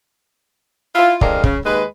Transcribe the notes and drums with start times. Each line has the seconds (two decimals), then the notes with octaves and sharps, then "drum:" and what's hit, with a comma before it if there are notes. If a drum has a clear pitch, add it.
0.95 E4 F4
1.21 F2 G#3 D4 A#4 F5, drum: kick
1.44 C#3, drum: kick
1.65 D#2 G#3 B4